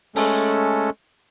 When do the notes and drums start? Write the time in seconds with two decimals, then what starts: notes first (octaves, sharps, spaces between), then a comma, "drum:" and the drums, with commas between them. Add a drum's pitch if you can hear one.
0.16 G#3 A3 C#4 A4, drum: open hi-hat